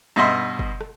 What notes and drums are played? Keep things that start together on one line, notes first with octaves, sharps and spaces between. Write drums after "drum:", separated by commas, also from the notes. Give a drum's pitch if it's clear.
G2 B2 D#5 E5 C6
drum: kick
drum: rim click